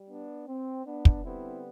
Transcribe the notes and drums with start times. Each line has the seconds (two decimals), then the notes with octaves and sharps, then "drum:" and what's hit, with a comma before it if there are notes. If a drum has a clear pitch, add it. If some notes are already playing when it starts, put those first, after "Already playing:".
Already playing: G3
0.09 B3 D4
0.48 C4
0.86 B3 D4
1.05 drum: kick
1.24 D3 G3 B3 C4 E4